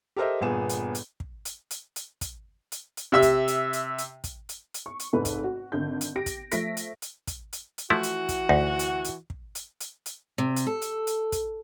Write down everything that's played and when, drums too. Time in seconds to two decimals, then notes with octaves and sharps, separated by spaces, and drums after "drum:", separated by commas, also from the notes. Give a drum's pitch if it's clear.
0.16 G4 A4 A#4 C5 D#5 E5
0.41 G1 A#2 B3 G#4 E7
0.69 drum: hi-hat
0.95 drum: hi-hat
1.20 drum: kick
1.45 drum: hi-hat
1.71 drum: hi-hat
1.96 drum: hi-hat
2.21 drum: kick, hi-hat
2.72 drum: hi-hat
2.97 drum: hi-hat
3.12 C3 E5 E6
3.23 drum: kick, hi-hat
3.48 drum: hi-hat
3.73 drum: hi-hat
3.98 drum: hi-hat
4.24 drum: kick, hi-hat
4.49 drum: hi-hat
4.74 drum: hi-hat
4.86 C#6
5.00 drum: hi-hat
5.13 F1 G#2 A4 B4
5.25 drum: kick, hi-hat
5.44 F#4
5.72 G#1 D3 G6
6.01 drum: hi-hat
6.16 G4 A#6 D7
6.26 drum: kick, hi-hat
6.52 F3 A3 E5 A#6 B6 D7, drum: hi-hat
6.77 drum: hi-hat
7.02 drum: hi-hat
7.27 drum: kick, hi-hat
7.53 drum: hi-hat
7.78 drum: hi-hat
7.90 E3 F3 A3 E4 F#4
8.03 drum: hi-hat
8.29 drum: kick, hi-hat
8.49 D2 D#4
8.79 drum: hi-hat
9.05 drum: hi-hat
9.30 drum: kick
9.55 drum: hi-hat
9.81 drum: hi-hat
10.06 drum: hi-hat
10.38 C3
10.56 drum: hi-hat
10.67 A4
10.82 drum: hi-hat
11.07 drum: hi-hat
11.32 drum: kick, hi-hat